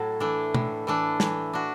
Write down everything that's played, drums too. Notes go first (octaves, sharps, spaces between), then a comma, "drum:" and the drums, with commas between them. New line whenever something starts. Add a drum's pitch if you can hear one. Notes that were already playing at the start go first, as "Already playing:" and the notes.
Already playing: A2 F#3 F#4 A4
E3 A3 D4
A2, drum: tom
E3 A3 D4
E3, drum: snare
D4 F#4